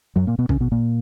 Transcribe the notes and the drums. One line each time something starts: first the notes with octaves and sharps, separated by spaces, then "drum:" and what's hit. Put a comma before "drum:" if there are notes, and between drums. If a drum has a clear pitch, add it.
F#2 F#3
A#2 A#3
B2 B3
C#3 C#4, drum: kick
B2 B3
A#2 A#3